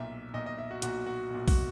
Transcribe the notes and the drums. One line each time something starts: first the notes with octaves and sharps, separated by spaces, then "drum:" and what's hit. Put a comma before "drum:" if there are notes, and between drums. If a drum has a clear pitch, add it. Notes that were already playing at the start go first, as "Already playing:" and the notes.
Already playing: B1 A#2 E5
B1 A#2 D#5
D#5
E5
F#4
B1 A#2 F#4, drum: hi-hat
F#4
B1 A#2
F#4, drum: kick B1, open hi-hat